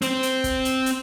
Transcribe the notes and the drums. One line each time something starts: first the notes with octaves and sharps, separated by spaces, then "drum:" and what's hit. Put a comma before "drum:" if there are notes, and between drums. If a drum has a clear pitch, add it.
C4 C5, drum: hi-hat
drum: hi-hat
drum: kick, hi-hat
drum: hi-hat
drum: hi-hat